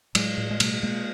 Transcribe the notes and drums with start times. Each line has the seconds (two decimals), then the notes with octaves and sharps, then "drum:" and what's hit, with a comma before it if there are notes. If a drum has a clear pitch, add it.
0.15 A2 F#3 G#3, drum: cymbal
0.37 A2
0.51 G#3
0.60 B2 G3 A3, drum: cymbal
0.83 B2 G#3 A#3